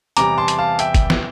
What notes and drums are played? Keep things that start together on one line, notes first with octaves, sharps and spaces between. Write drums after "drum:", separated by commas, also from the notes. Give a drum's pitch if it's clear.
E2 C3 E3 G3 A#5 D6, drum: hi-hat
A5 C6
drum: hi-hat
F5 A5
E5 G5, drum: hi-hat
drum: kick, hi-hat
drum: snare